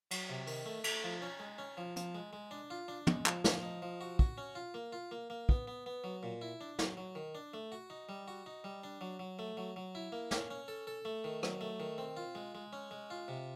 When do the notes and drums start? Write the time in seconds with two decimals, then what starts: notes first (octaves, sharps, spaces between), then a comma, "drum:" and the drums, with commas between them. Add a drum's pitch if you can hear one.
0.11 F#3, drum: cymbal
0.29 C3
0.47 D#3, drum: open hi-hat
0.66 A3
0.84 A3, drum: cymbal
1.04 F3
1.22 C#4
1.40 G#3
1.58 C#4
1.77 F3
1.96 F3, drum: hi-hat
2.15 G#3
2.33 G#3
2.51 D4
2.70 F4
2.88 D4
3.07 G#3, drum: tom
3.26 F3, drum: clap
3.44 F3, drum: snare
3.63 D#4
3.82 F3
4.01 F#4
4.19 F#4, drum: kick
4.38 C#4
4.55 F4
4.74 A#3
4.92 F4
5.11 A#3
5.30 A#3
5.49 B3, drum: kick
5.67 B3
5.86 B3
6.04 F#3
6.23 A#2
6.41 E4
6.61 D4
6.79 F#3, drum: snare
6.97 F#3
7.15 D#3
7.35 D4
7.54 A3
7.72 F#4
7.90 D#4
8.09 G3
8.28 F#4
8.46 D#4
8.64 G3
8.84 D4
9.01 F#3
9.19 F#3
9.39 A3
9.57 F#3
9.76 F#3
9.95 E4
10.12 A#3
10.31 C#4, drum: snare
10.50 C#4
10.68 A4
10.87 A4
11.05 A3
11.24 D#3
11.43 F#3, drum: rim click
11.61 A3
11.80 D#3
11.98 C4
12.17 F4
12.35 G#3
12.55 G#3
12.73 C#4
12.91 G#3
13.10 F4
13.28 C3